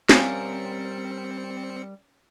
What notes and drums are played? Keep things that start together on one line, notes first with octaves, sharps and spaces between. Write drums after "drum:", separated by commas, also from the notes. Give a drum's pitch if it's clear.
G3 C4 C#4 A#4 F5 G#5 C#7, drum: snare